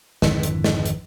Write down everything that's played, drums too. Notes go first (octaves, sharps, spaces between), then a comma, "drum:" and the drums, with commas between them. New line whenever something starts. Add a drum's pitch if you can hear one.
G#1 F2 D3 E3, drum: snare
drum: hi-hat
drum: snare
drum: hi-hat